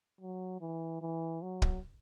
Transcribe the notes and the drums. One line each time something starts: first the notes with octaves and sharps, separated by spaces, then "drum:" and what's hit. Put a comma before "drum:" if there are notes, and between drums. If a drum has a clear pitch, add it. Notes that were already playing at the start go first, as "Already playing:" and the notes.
F#3
E3
E3
F#3
drum: kick